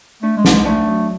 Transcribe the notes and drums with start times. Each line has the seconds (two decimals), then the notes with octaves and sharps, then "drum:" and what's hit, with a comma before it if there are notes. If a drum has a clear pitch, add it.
0.23 A3 D4
0.37 G#3
0.45 D4, drum: snare
0.52 G#3
0.66 A3 D4
0.88 F#3